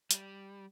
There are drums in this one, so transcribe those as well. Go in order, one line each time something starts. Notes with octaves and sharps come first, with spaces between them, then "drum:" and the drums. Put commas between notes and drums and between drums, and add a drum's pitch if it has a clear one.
G3, drum: hi-hat